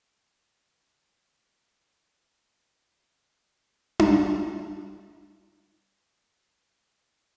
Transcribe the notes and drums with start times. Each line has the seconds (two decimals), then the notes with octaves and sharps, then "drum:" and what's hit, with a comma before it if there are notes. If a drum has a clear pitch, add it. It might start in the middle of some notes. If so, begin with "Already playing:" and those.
Already playing: A2 E3 A3
0.10 G5
0.40 F5
1.00 A#2 A3
1.56 F5
1.59 E5
1.74 E5
1.89 D5
2.05 C5
2.20 C3 G3 A#3 A#4
2.80 A4
3.00 G4
3.20 A4
3.39 C3 E3 G3 F5
3.99 drum: tom D4
4.60 A2 E3 A#3
5.19 C6
5.79 A2 E3 A3 D6
6.98 A#2 G3 A#3